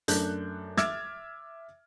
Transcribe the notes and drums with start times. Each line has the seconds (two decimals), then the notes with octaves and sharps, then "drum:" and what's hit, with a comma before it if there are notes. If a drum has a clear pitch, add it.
0.08 F#2 A3 D4 F#6 G6, drum: hi-hat
0.77 E5 D6 E6 F6 G#6 A6, drum: snare